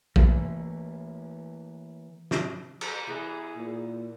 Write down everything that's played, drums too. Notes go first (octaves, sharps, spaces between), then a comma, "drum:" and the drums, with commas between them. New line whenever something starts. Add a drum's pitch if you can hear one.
E3 A3 A#3, drum: kick A#1
drum: snare
drum: cymbal
E3 B3 G#4
A#2